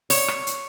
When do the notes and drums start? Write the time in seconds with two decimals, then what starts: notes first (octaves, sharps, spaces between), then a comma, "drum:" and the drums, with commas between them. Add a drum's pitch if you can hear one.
0.10 C#5, drum: open hi-hat
0.28 drum: rim click
0.47 drum: hi-hat